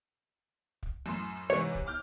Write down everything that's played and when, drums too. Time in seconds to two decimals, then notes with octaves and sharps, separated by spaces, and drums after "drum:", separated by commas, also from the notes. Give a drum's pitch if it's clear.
0.83 drum: kick
1.06 F#2 A2 C6
1.50 G#2 C3 E3 C#5
1.75 drum: kick
1.87 D6 F6 G6